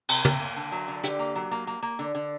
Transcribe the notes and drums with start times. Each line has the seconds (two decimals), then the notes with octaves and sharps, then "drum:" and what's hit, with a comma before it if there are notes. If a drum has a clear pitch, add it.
0.09 C3, drum: cymbal
0.25 C3, drum: tom
0.40 A#3
0.56 D3
0.72 F#3
0.88 D3
1.04 D3 G4, drum: hi-hat
1.19 A#3
1.36 F#3
1.51 A#3
1.67 A#3
1.83 A#3
1.99 D3
2.15 D3